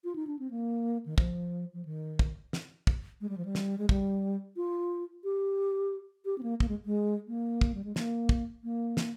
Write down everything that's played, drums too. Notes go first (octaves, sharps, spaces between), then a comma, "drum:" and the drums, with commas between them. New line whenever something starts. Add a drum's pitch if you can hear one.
F4
D#4
D4
C4
A#3
D#3
F3, drum: kick
F3
D#3
drum: kick
drum: snare
drum: kick
G#3
G3
F3
G3
drum: snare
G#3
G3, drum: kick
F4
G4
G4
C4
A#3
A#3, drum: kick
G#3
G#3
A#3
drum: kick
G3
G#3
A#3, drum: snare
drum: kick
A#3
drum: snare